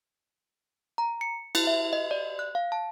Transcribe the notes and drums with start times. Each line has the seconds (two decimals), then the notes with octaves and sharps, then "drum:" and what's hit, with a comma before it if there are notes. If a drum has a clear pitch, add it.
0.98 A#5
1.21 C#7
1.55 E4, drum: cymbal
1.67 E5
1.93 D#5
2.11 D5
2.39 F#6
2.55 F5
2.72 A5